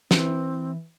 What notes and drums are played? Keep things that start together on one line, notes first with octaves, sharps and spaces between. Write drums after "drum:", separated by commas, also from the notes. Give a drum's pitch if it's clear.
E3 C4, drum: snare